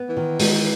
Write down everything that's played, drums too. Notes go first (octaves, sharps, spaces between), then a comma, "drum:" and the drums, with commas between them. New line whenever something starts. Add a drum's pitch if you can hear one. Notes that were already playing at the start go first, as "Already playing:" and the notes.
Already playing: B3
E3
D#3
G#3, drum: open hi-hat